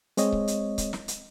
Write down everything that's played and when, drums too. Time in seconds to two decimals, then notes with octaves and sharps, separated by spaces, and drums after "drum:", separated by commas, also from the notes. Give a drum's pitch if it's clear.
0.17 G#3 C4 C#5 D#5, drum: hi-hat
0.32 drum: kick C#1
0.48 drum: hi-hat
0.78 drum: kick C#1, hi-hat
0.93 drum: snare
1.08 drum: hi-hat